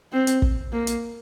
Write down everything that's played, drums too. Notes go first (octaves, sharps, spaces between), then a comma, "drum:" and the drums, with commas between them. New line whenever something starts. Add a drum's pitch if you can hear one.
C4
drum: hi-hat
drum: kick
A#3
drum: hi-hat